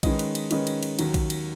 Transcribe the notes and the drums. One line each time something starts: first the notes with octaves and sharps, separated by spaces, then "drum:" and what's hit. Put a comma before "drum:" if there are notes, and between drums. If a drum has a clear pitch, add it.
D#3 G#3 C#4 B4 D#5, drum: kick A#1, cymbal
drum: cymbal
drum: cymbal
D#3 G#3 C#4 B4 D#5, drum: cymbal
drum: cymbal
drum: cymbal
D#2 D#3 F#3, drum: cymbal
drum: kick A#1, cymbal
drum: cymbal